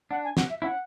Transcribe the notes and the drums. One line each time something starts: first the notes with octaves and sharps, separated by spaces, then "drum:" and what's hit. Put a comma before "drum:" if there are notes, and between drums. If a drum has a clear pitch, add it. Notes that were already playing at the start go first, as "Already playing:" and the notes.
D4 F#5
G#5
F#5, drum: snare
E5
C#4 E4 F#5